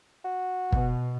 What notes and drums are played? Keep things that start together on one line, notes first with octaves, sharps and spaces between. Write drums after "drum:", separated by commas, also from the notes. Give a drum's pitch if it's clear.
F#4
B2, drum: kick